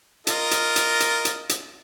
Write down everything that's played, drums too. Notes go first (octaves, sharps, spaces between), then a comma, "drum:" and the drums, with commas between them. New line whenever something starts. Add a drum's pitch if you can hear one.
F4 A#4 D#5, drum: hi-hat
drum: hi-hat
drum: hi-hat
drum: hi-hat
drum: hi-hat
drum: hi-hat